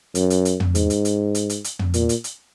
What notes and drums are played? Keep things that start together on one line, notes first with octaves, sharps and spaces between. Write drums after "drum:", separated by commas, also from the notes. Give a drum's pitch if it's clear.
F#2, drum: hi-hat
drum: hi-hat
drum: hi-hat
drum: tom
G#2, drum: hi-hat
drum: hi-hat
drum: hi-hat
drum: hi-hat
drum: hi-hat
drum: hi-hat
drum: tom
A#2, drum: hi-hat
drum: hi-hat
drum: hi-hat